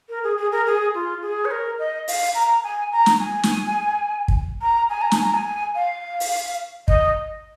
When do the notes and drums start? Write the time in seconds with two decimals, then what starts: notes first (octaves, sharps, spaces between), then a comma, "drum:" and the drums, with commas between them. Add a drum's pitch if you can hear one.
0.09 A#4
0.24 G#4
0.37 G#4
0.52 A#4
0.66 G#4
0.95 F4
1.22 G#4
1.45 C#5
1.51 A#4
1.79 D#5
2.08 F5, drum: open hi-hat
2.35 A#5
2.64 G#5
2.92 A#5
3.06 drum: snare
3.20 G#5
3.43 drum: snare
4.28 drum: kick
4.62 A#5
4.90 G#5
5.01 A#5
5.11 G#5, drum: snare
5.23 A#5
5.34 G#5
5.75 F5
6.20 drum: open hi-hat
6.88 D#5, drum: kick